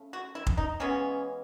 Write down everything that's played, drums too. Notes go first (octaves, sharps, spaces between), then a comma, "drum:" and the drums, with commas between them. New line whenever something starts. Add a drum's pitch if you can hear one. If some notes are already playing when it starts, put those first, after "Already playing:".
Already playing: C#3 A3
F#4
E4
drum: kick F1
D#4
C#3 E3 G#3 B3 C#4